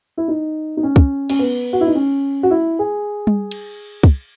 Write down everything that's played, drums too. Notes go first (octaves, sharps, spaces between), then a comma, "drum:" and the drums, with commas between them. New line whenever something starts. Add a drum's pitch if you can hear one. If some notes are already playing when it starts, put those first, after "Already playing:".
E4
D#4
D#4
C#4
drum: kick
C#4, drum: cymbal
B3
F#4
E4
D#4
C#4
F#4
E4
G#4
drum: tom G3
drum: cymbal
drum: kick